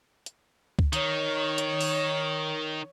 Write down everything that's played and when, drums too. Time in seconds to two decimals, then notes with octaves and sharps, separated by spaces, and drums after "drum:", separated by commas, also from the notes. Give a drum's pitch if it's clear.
0.26 drum: hi-hat
0.79 drum: kick C#2
0.93 D#3 C#5, drum: hi-hat
1.58 drum: hi-hat
1.81 drum: open hi-hat